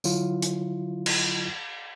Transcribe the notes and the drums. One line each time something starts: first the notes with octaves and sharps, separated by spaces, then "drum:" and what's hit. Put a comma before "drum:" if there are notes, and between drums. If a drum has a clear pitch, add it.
D3 F#3 E4 F4, drum: tambourine
drum: hi-hat
drum: cymbal